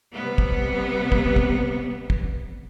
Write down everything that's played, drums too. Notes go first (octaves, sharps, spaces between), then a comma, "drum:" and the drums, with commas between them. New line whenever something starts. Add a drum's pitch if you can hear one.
C3 G3 B3
drum: kick
drum: kick
drum: kick
drum: kick